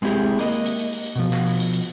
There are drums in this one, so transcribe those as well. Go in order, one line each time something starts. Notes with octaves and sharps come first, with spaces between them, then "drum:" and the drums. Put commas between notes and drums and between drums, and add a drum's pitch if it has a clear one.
G#3 C4 E4 F4 G4 G#4
A#3 D#5, drum: open hi-hat
drum: hi-hat
drum: hi-hat
drum: hi-hat
drum: open hi-hat
drum: hi-hat
B2 F3
drum: clap
drum: open hi-hat
drum: hi-hat
drum: hi-hat